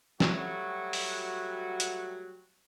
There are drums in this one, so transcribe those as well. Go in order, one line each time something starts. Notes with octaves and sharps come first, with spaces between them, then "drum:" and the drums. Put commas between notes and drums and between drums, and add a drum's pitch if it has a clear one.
F#3 G3 A3 F#4, drum: snare
drum: open hi-hat
drum: hi-hat